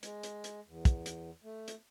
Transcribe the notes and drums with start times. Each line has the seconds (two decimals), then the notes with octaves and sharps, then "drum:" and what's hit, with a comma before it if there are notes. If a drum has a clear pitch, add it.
0.03 G#3, drum: hi-hat
0.23 drum: hi-hat
0.44 drum: hi-hat
0.67 E2
0.85 drum: kick, hi-hat
1.06 drum: hi-hat
1.44 A3
1.68 drum: hi-hat